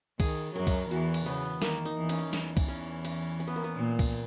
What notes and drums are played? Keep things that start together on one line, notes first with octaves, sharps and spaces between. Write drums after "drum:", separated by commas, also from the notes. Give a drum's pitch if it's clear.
D#3 G#4, drum: kick C2, cymbal
F#2 F#3 A#4
drum: kick C2, cymbal
E2 E3 F#4
drum: cymbal
C#3 B3
D#3 A#3, drum: snare
D#4
E2 E3
C#4, drum: cymbal
E2 E3, drum: snare
drum: kick C2, cymbal
C#4
C#4, drum: cymbal
C#4
B3
A#3
B3
A#2 A#3
drum: kick C2, cymbal